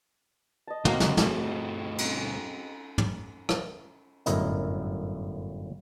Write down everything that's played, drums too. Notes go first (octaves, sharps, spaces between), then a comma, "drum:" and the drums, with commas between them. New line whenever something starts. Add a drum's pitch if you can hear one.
D#5 A5
F#3 A#3 C4, drum: tom
C#2 D3, drum: snare
G2 A3 G#4, drum: snare
drum: cymbal
drum: tom
drum: rim click
G1 F#2 A2 E4 A#4 D#5, drum: hi-hat